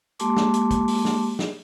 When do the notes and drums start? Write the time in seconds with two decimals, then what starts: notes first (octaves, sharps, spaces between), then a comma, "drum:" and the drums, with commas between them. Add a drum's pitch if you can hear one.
0.19 G#3 A#3 G4 A5 C6 D6, drum: hi-hat
0.37 drum: snare
0.54 drum: hi-hat
0.71 drum: kick, hi-hat
0.88 drum: open hi-hat
1.05 drum: snare
1.39 drum: snare